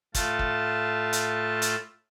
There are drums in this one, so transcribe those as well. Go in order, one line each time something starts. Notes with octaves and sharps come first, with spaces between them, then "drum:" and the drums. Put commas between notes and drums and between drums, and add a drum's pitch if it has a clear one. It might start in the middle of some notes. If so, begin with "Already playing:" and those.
A2 A3 F4 A5, drum: kick, hi-hat
drum: kick
drum: hi-hat
drum: hi-hat